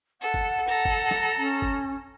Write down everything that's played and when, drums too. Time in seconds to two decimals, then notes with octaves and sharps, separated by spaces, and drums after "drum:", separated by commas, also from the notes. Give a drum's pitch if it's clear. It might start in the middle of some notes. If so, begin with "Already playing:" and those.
0.21 A4 F#5
0.34 drum: kick
0.68 A4 A#5
0.85 drum: kick
1.11 drum: snare
1.37 C#4
1.62 drum: kick